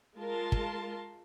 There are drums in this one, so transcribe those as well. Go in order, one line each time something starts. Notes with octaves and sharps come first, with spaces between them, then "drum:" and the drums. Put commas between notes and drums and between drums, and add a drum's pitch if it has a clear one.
G#3 F4 A#4 A5 C6
drum: kick